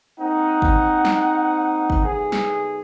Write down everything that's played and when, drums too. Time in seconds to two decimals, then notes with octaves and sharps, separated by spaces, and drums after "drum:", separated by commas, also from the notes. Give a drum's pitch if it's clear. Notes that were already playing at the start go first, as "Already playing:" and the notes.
0.20 A#3 C4 D#4 F#5
0.62 drum: kick G1
1.05 drum: snare
1.90 drum: kick G1
2.05 B1 G#4
2.32 drum: snare